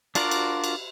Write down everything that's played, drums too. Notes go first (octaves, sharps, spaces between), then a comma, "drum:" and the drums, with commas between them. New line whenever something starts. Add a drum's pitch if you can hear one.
D4 F4 F#4 A#4 D5, drum: cymbal
drum: cymbal
drum: cymbal